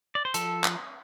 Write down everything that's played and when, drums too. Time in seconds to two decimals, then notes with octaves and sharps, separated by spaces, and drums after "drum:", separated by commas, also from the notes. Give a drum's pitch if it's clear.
0.15 D5
0.25 C5
0.34 F3 A4, drum: hi-hat
0.64 drum: clap